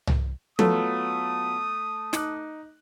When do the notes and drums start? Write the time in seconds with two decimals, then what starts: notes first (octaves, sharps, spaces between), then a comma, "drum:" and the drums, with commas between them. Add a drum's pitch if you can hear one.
0.07 drum: tom C2
0.59 F#3 A3 B3 F4 D#6, drum: tom
2.13 D#4 D6 F#6, drum: snare